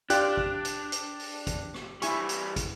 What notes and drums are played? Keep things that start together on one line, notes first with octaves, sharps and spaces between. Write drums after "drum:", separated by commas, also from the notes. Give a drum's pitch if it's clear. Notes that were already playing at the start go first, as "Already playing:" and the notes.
D4 F4 G4 D5 G5 F#6, drum: hi-hat
drum: kick
drum: hi-hat
drum: hi-hat
drum: open hi-hat
drum: kick, hi-hat
drum: rim click
E3 G3 E4 G#5 C#6, drum: hi-hat
drum: hi-hat
drum: kick, hi-hat